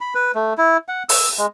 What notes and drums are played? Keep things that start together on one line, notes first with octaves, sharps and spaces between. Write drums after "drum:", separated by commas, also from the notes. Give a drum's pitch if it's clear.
B5
B4
A3
E4
F#5
E6, drum: open hi-hat
G#3